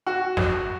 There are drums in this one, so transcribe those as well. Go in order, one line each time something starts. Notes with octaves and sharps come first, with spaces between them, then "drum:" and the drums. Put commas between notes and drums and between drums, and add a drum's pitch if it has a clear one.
F#4
drum: snare